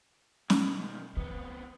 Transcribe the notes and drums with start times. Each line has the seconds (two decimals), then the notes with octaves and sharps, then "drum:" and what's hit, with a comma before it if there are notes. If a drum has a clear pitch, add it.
0.50 B2 D#3, drum: snare
1.17 E3 B3 C4